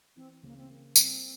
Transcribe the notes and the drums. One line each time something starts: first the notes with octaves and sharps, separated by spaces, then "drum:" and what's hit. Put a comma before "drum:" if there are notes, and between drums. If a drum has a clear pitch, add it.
E3 C4
C#3 A#3
C4
A#3
G3 C4, drum: tambourine